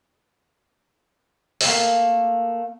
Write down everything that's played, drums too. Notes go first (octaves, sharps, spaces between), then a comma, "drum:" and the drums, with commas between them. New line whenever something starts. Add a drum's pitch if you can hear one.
A3 A#3, drum: open hi-hat